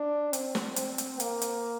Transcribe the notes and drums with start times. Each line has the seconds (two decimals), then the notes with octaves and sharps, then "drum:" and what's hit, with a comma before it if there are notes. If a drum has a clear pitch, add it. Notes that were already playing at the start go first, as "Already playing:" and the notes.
Already playing: D4
0.33 C4, drum: hi-hat
0.55 drum: snare
0.76 C4, drum: hi-hat
0.98 drum: hi-hat
1.20 A#3, drum: hi-hat
1.42 drum: hi-hat